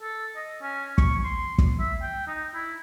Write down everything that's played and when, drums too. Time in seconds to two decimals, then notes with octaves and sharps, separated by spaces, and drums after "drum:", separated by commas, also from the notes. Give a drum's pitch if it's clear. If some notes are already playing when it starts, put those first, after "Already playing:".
0.01 A4
0.36 D#5
0.62 C#4
0.98 C#6, drum: kick
1.24 C6
1.58 drum: kick
1.80 E5
2.02 G5
2.27 D#4
2.55 E4